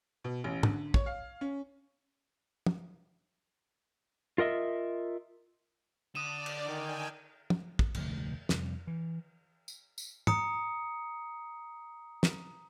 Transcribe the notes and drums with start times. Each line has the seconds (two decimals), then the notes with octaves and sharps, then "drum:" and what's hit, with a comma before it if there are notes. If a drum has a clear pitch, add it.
0.24 B2
0.44 A1
0.63 D3, drum: tom
0.94 C#5, drum: kick
1.06 F5
1.41 C#4
2.66 drum: tom
4.38 F4 A#4 D#5 E5
6.15 D3 D5 D#6 D#7 E7
6.46 drum: cymbal
6.67 D#3 G5 G#5
7.50 drum: tom
7.79 drum: kick
7.94 F1 D2 B2, drum: cymbal
8.49 F2 C3 G3, drum: snare
8.87 E3
9.68 drum: tambourine
9.98 drum: tambourine
10.27 A#5 D#6 C#7, drum: tom
12.23 drum: snare